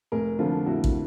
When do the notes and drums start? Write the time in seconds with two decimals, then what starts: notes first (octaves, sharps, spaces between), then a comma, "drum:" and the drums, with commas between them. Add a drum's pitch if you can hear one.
0.12 F1 G#4 A#4
0.38 F2 D3 F3 F4
0.66 F1 E4 F#4
0.84 drum: kick